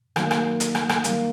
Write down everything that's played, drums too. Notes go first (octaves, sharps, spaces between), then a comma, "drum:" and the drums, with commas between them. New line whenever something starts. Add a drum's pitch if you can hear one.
D#3 F#3 A#3, drum: rim click
drum: rim click
drum: hi-hat
drum: rim click
drum: rim click
D#3 G3 A#3, drum: hi-hat